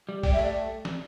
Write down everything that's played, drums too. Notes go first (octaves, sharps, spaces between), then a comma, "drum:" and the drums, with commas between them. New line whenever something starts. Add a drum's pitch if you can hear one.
G3
G4 D5, drum: kick A#1, open hi-hat
E5
A3 D5
drum: snare